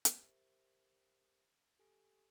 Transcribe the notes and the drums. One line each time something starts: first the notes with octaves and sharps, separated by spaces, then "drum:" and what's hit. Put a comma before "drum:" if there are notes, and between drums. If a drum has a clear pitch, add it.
G4 A#4 C5 E5, drum: hi-hat
G4 A4 G#5